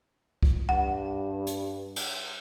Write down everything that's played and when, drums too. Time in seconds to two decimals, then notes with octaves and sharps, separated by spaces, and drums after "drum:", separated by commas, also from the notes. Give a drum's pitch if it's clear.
0.43 drum: kick C2
0.69 G2 F#5
1.47 drum: hi-hat
1.96 drum: cymbal